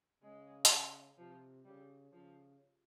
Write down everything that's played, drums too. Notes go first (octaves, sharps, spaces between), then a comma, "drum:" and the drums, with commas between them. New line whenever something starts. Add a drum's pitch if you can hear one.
C#3 G#3
drum: hi-hat
C3 F3
C#3 G3
C#3 F3